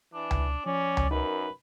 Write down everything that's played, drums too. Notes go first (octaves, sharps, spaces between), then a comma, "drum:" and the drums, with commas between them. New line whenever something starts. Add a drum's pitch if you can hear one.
E3 D4
drum: tom C#2
F3 C#4 D5
drum: tom C#2
F#2 D#4 A#4 B4